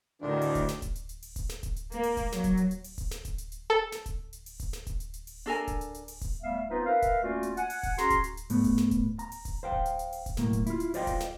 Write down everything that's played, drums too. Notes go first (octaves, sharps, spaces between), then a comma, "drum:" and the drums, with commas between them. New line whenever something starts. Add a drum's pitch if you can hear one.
D2 A2 D#3 D4
drum: open hi-hat
drum: kick D1, hi-hat
drum: snare
drum: kick D1, hi-hat
drum: hi-hat
drum: hi-hat
drum: open hi-hat
drum: kick D1, hi-hat
drum: snare
drum: kick D1, hi-hat
drum: hi-hat
A#3, drum: hi-hat
drum: open hi-hat
drum: kick D1, hi-hat
F#3, drum: snare
drum: kick D1, hi-hat
drum: hi-hat
drum: hi-hat
drum: open hi-hat
drum: kick D1, hi-hat
drum: snare
drum: kick D1, hi-hat
drum: hi-hat
drum: hi-hat
A4
drum: snare
drum: kick D1, hi-hat
drum: hi-hat
drum: open hi-hat
drum: kick D1, hi-hat
drum: snare
drum: kick D1, hi-hat
drum: hi-hat
drum: hi-hat
drum: open hi-hat
D4 A4 A#4 G#5
drum: kick D1, hi-hat
drum: hi-hat
drum: hi-hat
drum: open hi-hat
drum: kick D1, hi-hat
G3 A3 B3 E5 F5
B3 C4 D#4 F4 B4 C5
A#4 B4 E5 F5
drum: kick D1, hi-hat
A3 A#3 C#4 F4 F#4 D5
drum: hi-hat
F#5 G#5, drum: hi-hat
drum: open hi-hat
drum: kick D1, hi-hat
C#4 F#4 G#4 A#5 C6, drum: snare
drum: kick D1, hi-hat
drum: hi-hat
drum: hi-hat
G#2 A3 B3, drum: open hi-hat
drum: kick D1, hi-hat
drum: snare
drum: kick D1, hi-hat
A#5, drum: hi-hat
drum: open hi-hat
drum: kick D1, hi-hat
C5 F5 G5
drum: kick D1
drum: hi-hat
drum: hi-hat
drum: open hi-hat
drum: kick D1, hi-hat
B1 A2 A#3, drum: snare
drum: kick D1, hi-hat
E4 F4, drum: hi-hat
drum: hi-hat
F4 C5 D5 D#5 F5 G5, drum: open hi-hat
drum: kick D1, hi-hat
drum: snare